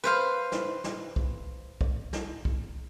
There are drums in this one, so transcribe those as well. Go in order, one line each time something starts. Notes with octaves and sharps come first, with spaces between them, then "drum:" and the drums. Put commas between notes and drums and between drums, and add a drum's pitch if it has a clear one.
B4 C5 F5
drum: snare
drum: snare
drum: kick
drum: kick
drum: snare
drum: kick